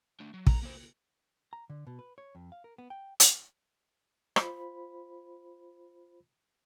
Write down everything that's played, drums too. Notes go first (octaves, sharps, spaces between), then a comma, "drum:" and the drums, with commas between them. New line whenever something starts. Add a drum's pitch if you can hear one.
A3 D4
F#3
A#5, drum: kick
A#3 C5
A#5
D3
B2
B4
C#5
F2
F5
A#4
B3
G5
drum: hi-hat
F4 C5 B5, drum: rim click